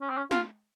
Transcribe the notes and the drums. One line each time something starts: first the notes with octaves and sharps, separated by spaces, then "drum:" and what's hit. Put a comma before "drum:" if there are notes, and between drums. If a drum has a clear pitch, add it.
C#4
C4
C#4
F4, drum: snare